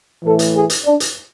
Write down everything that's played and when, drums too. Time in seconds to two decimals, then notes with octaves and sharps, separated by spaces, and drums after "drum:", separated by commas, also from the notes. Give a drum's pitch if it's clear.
0.23 A2 E3 A3 A4
0.39 drum: hi-hat
0.54 G#4
0.70 drum: hi-hat
0.85 D4
1.00 drum: hi-hat